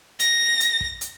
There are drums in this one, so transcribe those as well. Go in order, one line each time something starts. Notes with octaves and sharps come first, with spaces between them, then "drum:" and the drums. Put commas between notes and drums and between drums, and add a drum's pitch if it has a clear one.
A#6, drum: hi-hat
drum: hi-hat
drum: kick
drum: hi-hat